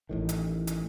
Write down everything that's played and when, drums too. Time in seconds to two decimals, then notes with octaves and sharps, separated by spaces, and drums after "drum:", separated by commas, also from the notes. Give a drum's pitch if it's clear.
0.09 A1 A2 D#3
0.29 drum: hi-hat
0.67 drum: hi-hat